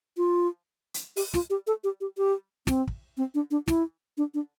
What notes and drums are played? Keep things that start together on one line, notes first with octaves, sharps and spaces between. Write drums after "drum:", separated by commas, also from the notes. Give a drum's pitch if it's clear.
F4
drum: hi-hat
G4, drum: open hi-hat
F4, drum: snare
G4
A4
G4
G4
G4
C4, drum: snare
drum: kick
C4
D4
D4
E4, drum: snare
D4
D4